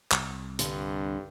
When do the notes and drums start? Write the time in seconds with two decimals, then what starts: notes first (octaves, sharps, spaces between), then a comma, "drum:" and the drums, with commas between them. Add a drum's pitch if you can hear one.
0.12 C2, drum: clap
0.59 G2 D3, drum: hi-hat